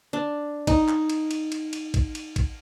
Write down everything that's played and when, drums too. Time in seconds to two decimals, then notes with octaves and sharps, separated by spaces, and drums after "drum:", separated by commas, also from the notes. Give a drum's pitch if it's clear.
0.13 D4
0.67 D#4, drum: kick A1, cymbal
0.88 drum: clap
1.10 drum: cymbal
1.31 drum: cymbal
1.52 drum: cymbal
1.73 drum: cymbal
1.94 drum: kick A1, cymbal
2.15 drum: cymbal
2.36 drum: kick A1, cymbal